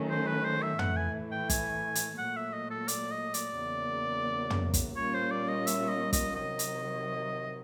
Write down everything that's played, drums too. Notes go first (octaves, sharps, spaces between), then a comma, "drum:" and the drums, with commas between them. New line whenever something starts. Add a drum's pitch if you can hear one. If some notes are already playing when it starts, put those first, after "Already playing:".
Already playing: D#3 F#3 A3 C#4
C5
B4
C5
E5
A2 E3 A3 F#5, drum: tom
G#5
G5
G#5, drum: kick, hi-hat
drum: hi-hat
A#2 F#3 A3 F#5
E5
D#5
A4
D5, drum: hi-hat
D#5
D5, drum: hi-hat
E2 C#3 F#3 A#3
drum: tom
drum: kick, hi-hat
A#2 G3 A#3 C#4 F4 C#5
C5
D5
D#5
E5, drum: hi-hat
D#5
D#5, drum: kick, hi-hat
C3 D#3 F#3 D#5
drum: hi-hat